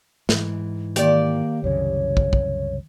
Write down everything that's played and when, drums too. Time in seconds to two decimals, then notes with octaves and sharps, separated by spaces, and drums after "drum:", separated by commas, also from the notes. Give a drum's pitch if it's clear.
0.29 G#2 E3, drum: snare
0.96 D#3 A#3 G4 D5, drum: hi-hat
1.64 C2 F#2 C#3 C#5
2.17 drum: kick
2.33 drum: kick